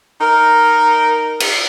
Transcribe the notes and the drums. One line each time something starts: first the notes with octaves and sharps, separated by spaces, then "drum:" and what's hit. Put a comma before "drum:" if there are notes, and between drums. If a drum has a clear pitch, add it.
D#4 A#4
drum: cymbal